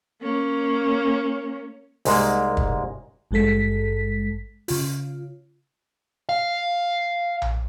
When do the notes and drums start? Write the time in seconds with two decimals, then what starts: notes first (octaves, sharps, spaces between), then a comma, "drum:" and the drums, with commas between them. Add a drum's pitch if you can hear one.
0.22 A#3 C#4
2.05 C2 G#2 G#3 A#3, drum: open hi-hat
2.57 drum: kick
3.31 G#1 G2 G#3 A4 B6
4.68 C#3 F4, drum: open hi-hat
6.29 F5
7.42 drum: tom A#1